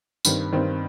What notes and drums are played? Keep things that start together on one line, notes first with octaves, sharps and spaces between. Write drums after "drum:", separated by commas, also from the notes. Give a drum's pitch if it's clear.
G2 D#3 C4, drum: tambourine
G2 D#3 C4